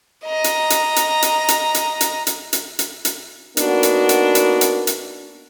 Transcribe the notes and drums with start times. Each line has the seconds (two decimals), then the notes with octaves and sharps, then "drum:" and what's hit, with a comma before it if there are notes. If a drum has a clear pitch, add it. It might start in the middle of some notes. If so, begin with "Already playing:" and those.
0.26 D#5 A#5
0.44 drum: hi-hat
0.70 drum: hi-hat
0.96 drum: hi-hat
1.22 drum: hi-hat
1.48 drum: hi-hat
1.75 drum: hi-hat
2.01 drum: hi-hat
2.27 drum: hi-hat
2.53 drum: hi-hat
2.79 drum: hi-hat
3.05 drum: hi-hat
3.57 A#3 B3 D4 D#4 F#4 A#4, drum: hi-hat
3.83 drum: hi-hat
4.09 drum: hi-hat
4.35 drum: hi-hat
4.61 drum: hi-hat
4.87 drum: hi-hat